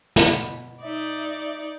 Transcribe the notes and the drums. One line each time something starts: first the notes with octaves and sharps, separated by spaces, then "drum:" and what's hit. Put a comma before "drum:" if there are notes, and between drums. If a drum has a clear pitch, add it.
B2 B5, drum: snare
D#4 D5 E5